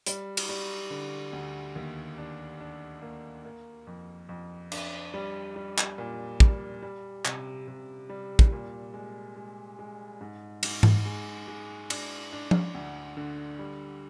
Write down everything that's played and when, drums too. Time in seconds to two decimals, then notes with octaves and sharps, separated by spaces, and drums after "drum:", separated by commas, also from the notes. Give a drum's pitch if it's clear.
0.07 G3, drum: hi-hat
0.37 drum: cymbal
0.49 G3
0.91 D3
1.33 D2
1.75 D#2
2.18 D4
2.60 D4
3.02 A#3
3.45 A#3
3.87 F2
4.29 F2
4.72 D4, drum: cymbal
5.14 G3
5.56 G3
5.78 drum: clap
5.98 A#2
6.40 G3, drum: kick
6.82 G3
7.25 C3, drum: clap
7.68 C3
8.09 G3
8.39 drum: kick
8.52 A#2
8.94 G#3
9.36 G#3
9.79 G#3
10.21 G#2
10.63 G#2, drum: cymbal
10.83 drum: tom G#2
11.05 G#3
11.48 G#3
11.90 D4, drum: cymbal
12.33 D4
12.51 drum: tom
12.75 D2
13.17 D3
13.59 G3